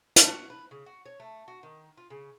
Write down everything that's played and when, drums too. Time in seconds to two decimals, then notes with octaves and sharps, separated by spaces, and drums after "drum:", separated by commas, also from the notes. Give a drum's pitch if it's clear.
0.16 A5, drum: hi-hat
0.30 F#4
0.50 B4
0.71 C#3
0.86 F#4
1.06 C#5
1.20 A3
1.48 F#4
1.63 D#3
1.97 F4
2.10 C#3